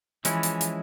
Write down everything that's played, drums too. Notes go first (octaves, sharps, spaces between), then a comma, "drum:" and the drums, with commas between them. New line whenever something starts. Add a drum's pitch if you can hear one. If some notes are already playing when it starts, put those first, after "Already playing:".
E3 F3 G#3 C#4 E4, drum: hi-hat
drum: hi-hat
drum: hi-hat